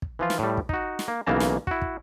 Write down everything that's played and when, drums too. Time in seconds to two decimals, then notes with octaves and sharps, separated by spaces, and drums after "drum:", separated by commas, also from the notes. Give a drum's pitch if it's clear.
0.02 drum: kick
0.19 E3 F3 F4
0.30 drum: snare
0.39 A2 G3
0.57 drum: kick
0.69 D#4 F#4, drum: kick
0.99 drum: snare
1.08 A#3
1.27 B1 C#3 E3 A#3 A5 A#5
1.40 drum: snare
1.67 E4 F#4, drum: kick
1.82 drum: kick